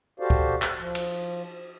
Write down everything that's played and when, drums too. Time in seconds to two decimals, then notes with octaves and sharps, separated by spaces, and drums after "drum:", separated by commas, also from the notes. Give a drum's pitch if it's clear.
0.20 F#4 G4 A4 C5 D5 F5
0.30 drum: kick C#2
0.62 drum: clap
0.78 F3
0.95 drum: cymbal